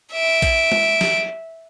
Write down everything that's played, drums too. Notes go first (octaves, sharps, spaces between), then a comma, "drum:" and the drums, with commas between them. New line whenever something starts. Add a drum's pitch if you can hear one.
E5 D7
drum: kick, hi-hat
drum: tom G#3
drum: snare